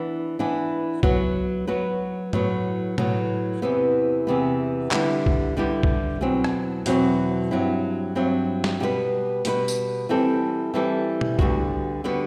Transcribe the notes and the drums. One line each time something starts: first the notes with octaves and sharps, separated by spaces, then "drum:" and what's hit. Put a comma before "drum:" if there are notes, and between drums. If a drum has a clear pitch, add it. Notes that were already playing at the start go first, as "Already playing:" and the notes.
Already playing: E3 B3 D4
E3 B3 D4
F#3 B3 F#4 B4, drum: kick C2
F#3 B3 F#4 B4
A2 F#3 B3, drum: tom
A2 F#3 B3, drum: tom B2
E2 C3 E3 B3
E2 C3 E3 B3
D3 G3 B3 E4 G4, drum: clap
drum: kick C2
D3 G3 B3 E4 G4
drum: kick C2
E2 B2 F#3 C4
drum: rim click
E2 B2 F#3 C4, drum: hi-hat
G2 F#3 C4 E4
G2 F#3 C4 E4
drum: snare
B2 G3 B3 E4 B4
B2 G3 B3 E4 B4, drum: hi-hat
drum: tambourine
E3 G3 C4 E4 A4
E3 G3 C4 E4 A4
drum: tom B2
D2 D3 G3 B3 F#4, drum: kick C2
D3 G3 B3 F#4